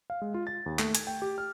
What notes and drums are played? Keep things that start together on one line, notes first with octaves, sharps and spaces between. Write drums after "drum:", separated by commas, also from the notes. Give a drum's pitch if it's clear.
F5
G#3
F4
A6
D#2
A3, drum: clap
G#6, drum: hi-hat
G5
G4
F6